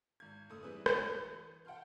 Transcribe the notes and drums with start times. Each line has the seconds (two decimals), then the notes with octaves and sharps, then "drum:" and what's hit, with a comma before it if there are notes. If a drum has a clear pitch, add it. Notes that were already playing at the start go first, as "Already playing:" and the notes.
0.20 G#1 G#6
0.49 F#1 A3 D#6 E6
0.63 E3 G3 C4 E4 G#4 B4
0.86 F#1 G#3, drum: rim click
1.05 E3 C#7
1.65 F#5 G5 A5 C6 F6 G6